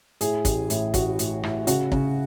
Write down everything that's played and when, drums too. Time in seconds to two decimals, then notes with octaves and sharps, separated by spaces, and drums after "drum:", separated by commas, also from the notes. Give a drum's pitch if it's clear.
0.21 A2 G#4, drum: hi-hat
0.45 A1, drum: kick, hi-hat
0.70 A2, drum: hi-hat
0.94 A1 F#4, drum: kick, hi-hat
1.19 A2, drum: hi-hat
1.43 A2, drum: rim click
1.67 C#3 F#4, drum: hi-hat
1.92 C#3, drum: kick